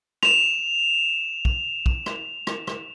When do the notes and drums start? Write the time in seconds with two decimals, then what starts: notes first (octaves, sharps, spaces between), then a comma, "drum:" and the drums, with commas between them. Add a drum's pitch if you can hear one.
0.23 E7 F7, drum: rim click
1.45 drum: kick
1.86 drum: kick
2.06 drum: rim click
2.47 drum: rim click
2.67 drum: rim click